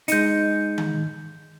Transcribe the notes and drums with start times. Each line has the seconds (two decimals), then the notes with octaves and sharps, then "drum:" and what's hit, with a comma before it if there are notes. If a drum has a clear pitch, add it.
0.08 G#3 D#4 G6 C#7, drum: hi-hat
0.78 drum: tom D#3